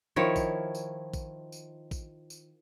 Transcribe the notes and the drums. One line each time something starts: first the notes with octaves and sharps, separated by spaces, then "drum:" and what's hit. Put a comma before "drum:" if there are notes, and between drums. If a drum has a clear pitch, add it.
D#3 F3 E4 C#5
drum: kick, tambourine
drum: tambourine
drum: kick, tambourine
drum: tambourine
drum: kick, tambourine
drum: tambourine